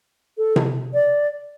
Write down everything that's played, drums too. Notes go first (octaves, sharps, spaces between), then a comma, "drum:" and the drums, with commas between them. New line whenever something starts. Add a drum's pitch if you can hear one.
A4
drum: tom C3
D5